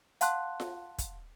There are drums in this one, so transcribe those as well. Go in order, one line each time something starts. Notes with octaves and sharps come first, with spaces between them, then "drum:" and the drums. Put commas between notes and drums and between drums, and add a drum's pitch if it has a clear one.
F5 F#5 A5 C6 F#6, drum: hi-hat
drum: snare F4
drum: kick, hi-hat